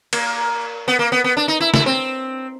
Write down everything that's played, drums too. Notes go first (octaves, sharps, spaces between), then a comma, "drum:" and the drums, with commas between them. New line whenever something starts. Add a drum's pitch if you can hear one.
A#3, drum: cymbal
B3
A#3
B3
B3
D4
D#4
E4
E4, drum: snare
C4